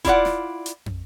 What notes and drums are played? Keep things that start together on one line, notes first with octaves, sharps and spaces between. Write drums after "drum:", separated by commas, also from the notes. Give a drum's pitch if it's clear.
E4 F4 D5 F#5, drum: kick D#1, hi-hat
drum: snare
drum: hi-hat
drum: tom